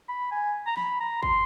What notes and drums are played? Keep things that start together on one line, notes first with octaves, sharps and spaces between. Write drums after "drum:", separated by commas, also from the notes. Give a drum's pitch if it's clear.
B5
G#5
A#5
B5, drum: snare
A#5
C6, drum: kick